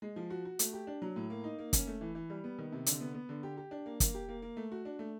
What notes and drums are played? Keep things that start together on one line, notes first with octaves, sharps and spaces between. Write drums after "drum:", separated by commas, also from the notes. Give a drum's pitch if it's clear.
G#3
F3
F#4
F#4
A3, drum: hi-hat
G4
D4
F#3
A2
A#3
D#4
A#3
C#4, drum: kick, hi-hat
A3
E3
E3
G3
B3
D#3
C3
D3, drum: hi-hat
B3
B3
D3
G4
G4
D4
A#3
A#3, drum: kick, hi-hat
G4
A#3
A#3
A3
F#4
D4
A3